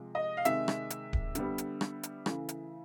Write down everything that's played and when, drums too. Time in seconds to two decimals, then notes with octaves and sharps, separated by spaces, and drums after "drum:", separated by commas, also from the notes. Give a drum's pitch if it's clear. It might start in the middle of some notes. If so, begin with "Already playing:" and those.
Already playing: C3 F3 G#3
0.15 D#5
0.37 F5
0.45 C3 D#3 G#3 E5, drum: hi-hat
0.68 drum: rim click
0.90 drum: hi-hat
1.13 drum: kick D1
1.35 D3 G3 B3, drum: hi-hat
1.58 drum: hi-hat
1.81 drum: rim click
2.03 drum: hi-hat
2.26 C#3 E3 A3, drum: rim click
2.49 drum: hi-hat